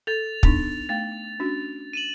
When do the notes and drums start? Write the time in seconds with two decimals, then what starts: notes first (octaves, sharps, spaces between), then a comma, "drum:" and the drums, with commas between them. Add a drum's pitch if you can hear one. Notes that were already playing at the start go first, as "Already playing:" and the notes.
0.07 A4 A6 F7
0.43 B3 D4 D#4, drum: kick
0.89 A3 F5 G5 A6
1.40 C#4 D4 F#4
1.93 D#7 E7 F#7